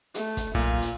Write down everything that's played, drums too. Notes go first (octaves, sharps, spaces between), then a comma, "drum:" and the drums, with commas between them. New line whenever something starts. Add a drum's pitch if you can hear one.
A3, drum: hi-hat
drum: kick, hi-hat
B1 A#2 F4
drum: hi-hat